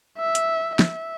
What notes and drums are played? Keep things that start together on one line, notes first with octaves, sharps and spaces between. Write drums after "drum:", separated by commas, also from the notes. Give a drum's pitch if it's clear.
E5
drum: hi-hat
E5, drum: snare